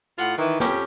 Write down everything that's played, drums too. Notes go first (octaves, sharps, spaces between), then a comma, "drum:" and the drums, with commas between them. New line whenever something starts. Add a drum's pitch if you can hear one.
A2 F4 F#5, drum: hi-hat
D#3 E3
F2 C#4 G4, drum: snare